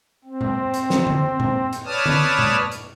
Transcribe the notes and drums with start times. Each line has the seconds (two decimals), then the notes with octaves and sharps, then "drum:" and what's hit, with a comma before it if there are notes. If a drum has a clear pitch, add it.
0.24 C4
0.41 drum: tom A#2
0.74 drum: hi-hat
0.90 drum: snare
1.07 drum: tom D3
1.40 drum: tom A#2
1.73 drum: hi-hat
1.85 B4 C#5 D5 A5 D#6 F6
2.06 drum: tom D3
2.39 drum: tom A#2
2.72 drum: hi-hat